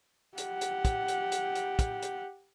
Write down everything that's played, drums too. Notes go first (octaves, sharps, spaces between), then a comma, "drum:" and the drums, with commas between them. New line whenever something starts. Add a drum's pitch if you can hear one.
G4 F#5, drum: hi-hat
drum: hi-hat
drum: kick, hi-hat
drum: hi-hat
drum: hi-hat
drum: hi-hat
drum: kick, hi-hat
drum: hi-hat